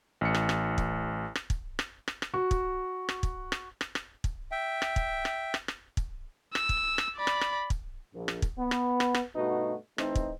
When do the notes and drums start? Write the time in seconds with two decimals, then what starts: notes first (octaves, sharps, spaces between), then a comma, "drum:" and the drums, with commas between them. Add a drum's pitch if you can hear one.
0.21 A1 C#7
0.34 drum: rim click
0.49 drum: rim click
0.78 drum: kick
1.35 drum: rim click
1.50 drum: kick
1.79 drum: rim click
2.08 drum: rim click
2.22 drum: rim click
2.34 F#4
2.51 drum: kick
3.09 drum: rim click
3.23 drum: kick
3.52 drum: rim click
3.81 drum: rim click
3.95 drum: rim click
4.24 drum: kick
4.51 E5 G5
4.82 drum: rim click
4.96 drum: kick
5.25 drum: rim click
5.54 drum: rim click
5.68 drum: rim click
5.97 drum: kick
6.55 E6, drum: rim click
6.69 drum: kick
6.98 drum: rim click
7.17 D5 B5
7.27 drum: rim click
7.41 drum: rim click
7.70 drum: kick
8.14 A#1
8.28 drum: rim click
8.42 drum: kick
8.59 B3
8.71 drum: rim click
9.00 drum: rim click
9.14 drum: rim click
9.36 G2 B2 A3 B3 D#4 F#4
9.98 E3 A3 C4 D#4, drum: rim click
10.15 drum: kick